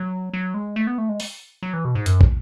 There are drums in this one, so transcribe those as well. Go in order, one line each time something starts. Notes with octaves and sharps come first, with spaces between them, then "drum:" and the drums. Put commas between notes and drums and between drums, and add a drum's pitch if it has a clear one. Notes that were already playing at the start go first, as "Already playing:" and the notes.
Already playing: F#3
F#3
G#3
A3
B3
A3
G#3
drum: open hi-hat
F#3
E3
B2
G#2
F#2, drum: hi-hat
drum: kick